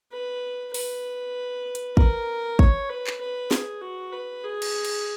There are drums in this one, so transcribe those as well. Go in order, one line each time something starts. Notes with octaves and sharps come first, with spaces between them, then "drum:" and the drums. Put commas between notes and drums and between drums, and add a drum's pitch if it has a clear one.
B4
B4, drum: open hi-hat
drum: hi-hat
A#4, drum: kick
C#5, drum: kick
B4
drum: clap
B4
G#4, drum: snare
F#4
B4
G#4
drum: cymbal
drum: cymbal